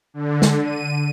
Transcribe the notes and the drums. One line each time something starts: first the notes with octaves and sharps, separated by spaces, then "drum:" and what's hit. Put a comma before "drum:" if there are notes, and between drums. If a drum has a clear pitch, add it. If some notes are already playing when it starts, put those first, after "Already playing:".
D3
drum: snare
D#7